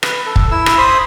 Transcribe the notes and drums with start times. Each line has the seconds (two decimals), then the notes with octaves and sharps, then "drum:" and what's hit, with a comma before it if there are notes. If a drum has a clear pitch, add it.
0.03 B4, drum: rim click
0.26 A4
0.36 drum: kick
0.51 E4 E6
0.66 drum: rim click
0.78 C5 B5 D#6